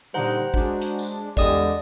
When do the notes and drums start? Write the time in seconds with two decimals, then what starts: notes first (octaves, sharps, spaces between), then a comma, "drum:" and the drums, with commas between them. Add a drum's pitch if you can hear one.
0.14 A#2 D3 G3 D#4 C5 F#5 A#5
0.54 G#3 D4 F#4, drum: kick
0.82 drum: hi-hat
0.99 drum: tambourine
1.37 E2 D3 G3 G#3 D5 D#5 D#6, drum: kick